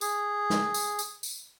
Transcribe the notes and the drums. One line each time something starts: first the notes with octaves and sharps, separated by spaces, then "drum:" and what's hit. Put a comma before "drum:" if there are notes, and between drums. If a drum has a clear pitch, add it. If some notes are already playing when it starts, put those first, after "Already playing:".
G#4, drum: tambourine
drum: snare
drum: tambourine
drum: tambourine
drum: tambourine